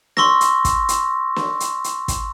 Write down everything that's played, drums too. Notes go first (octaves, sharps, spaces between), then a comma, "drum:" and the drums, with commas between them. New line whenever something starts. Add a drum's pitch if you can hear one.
C6 C#6 E6 A#6, drum: snare
drum: hi-hat
drum: kick, hi-hat
drum: hi-hat
drum: snare
drum: hi-hat
drum: hi-hat
drum: kick, hi-hat